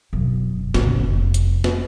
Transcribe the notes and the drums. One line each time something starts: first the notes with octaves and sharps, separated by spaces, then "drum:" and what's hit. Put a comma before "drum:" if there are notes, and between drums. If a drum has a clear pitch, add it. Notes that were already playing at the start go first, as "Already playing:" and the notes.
E1 F#2
A1 C#3, drum: snare
F1
drum: hi-hat
drum: snare